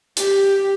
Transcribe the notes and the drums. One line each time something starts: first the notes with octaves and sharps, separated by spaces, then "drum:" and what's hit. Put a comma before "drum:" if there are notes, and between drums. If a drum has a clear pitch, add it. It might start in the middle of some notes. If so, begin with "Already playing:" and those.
G4, drum: hi-hat